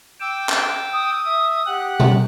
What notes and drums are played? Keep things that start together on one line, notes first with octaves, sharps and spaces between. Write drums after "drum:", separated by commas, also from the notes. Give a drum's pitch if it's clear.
G5 D6 E6
drum: clap
D#6
E5
G4 F#5 F#6
drum: tom B2